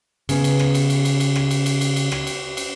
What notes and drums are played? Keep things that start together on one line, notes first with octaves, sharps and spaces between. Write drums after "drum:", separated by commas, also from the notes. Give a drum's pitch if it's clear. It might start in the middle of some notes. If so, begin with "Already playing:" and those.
C#3 B3, drum: cymbal
drum: cymbal
drum: rim click
drum: cymbal
drum: cymbal
drum: cymbal
drum: cymbal
drum: rim click
drum: cymbal
drum: cymbal
drum: cymbal
drum: cymbal
drum: rim click
drum: cymbal
drum: cymbal